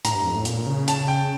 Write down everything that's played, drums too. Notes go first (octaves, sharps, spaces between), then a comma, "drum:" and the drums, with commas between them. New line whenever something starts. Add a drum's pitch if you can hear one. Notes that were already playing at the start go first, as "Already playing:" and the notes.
A2 A#5, drum: hi-hat
G2
F2
A2
A#2, drum: hi-hat
C#3
A5, drum: hi-hat
G5